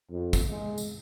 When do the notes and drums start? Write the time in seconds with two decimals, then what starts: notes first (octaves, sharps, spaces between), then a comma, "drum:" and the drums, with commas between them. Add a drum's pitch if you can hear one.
0.11 F2
0.33 drum: kick, tambourine
0.50 G#3
0.78 drum: tambourine